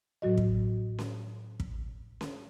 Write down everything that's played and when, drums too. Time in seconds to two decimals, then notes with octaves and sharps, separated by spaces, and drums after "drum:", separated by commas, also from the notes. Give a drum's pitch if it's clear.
0.22 A2 F#3 F#4 D#5
0.37 drum: kick
0.99 drum: snare C#4
1.60 drum: kick
2.21 drum: snare C#4